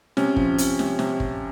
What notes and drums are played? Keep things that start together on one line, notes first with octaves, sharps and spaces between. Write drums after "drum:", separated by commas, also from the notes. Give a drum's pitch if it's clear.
C3 C#4, drum: snare
F3, drum: kick
C3, drum: hi-hat
C3, drum: snare
C3, drum: snare
drum: kick